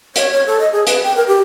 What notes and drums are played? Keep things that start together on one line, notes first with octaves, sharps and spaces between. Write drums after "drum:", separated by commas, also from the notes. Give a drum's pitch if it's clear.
C#5, drum: hi-hat
C#5
A4
D#5
G#4
B4, drum: hi-hat
G5
A#4
G4